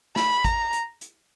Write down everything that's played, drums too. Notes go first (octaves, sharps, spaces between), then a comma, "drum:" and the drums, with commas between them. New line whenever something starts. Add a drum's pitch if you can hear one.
B5, drum: snare
A#5, drum: kick, hi-hat
drum: hi-hat
drum: hi-hat